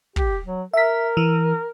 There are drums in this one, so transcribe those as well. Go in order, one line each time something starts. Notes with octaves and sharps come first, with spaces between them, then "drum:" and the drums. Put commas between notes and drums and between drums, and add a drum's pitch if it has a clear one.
G4, drum: kick
F#3
A#4 E5 B6
E3